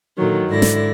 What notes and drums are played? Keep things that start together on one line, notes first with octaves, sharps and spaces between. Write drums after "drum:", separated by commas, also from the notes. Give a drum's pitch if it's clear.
A#2 D3 D#3 F#3
G#2 D3 E4 D5 A#6
drum: snare